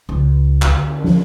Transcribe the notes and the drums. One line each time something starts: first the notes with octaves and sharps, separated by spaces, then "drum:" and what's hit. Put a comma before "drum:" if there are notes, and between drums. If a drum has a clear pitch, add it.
C#2
D2, drum: clap
drum: cymbal
drum: tom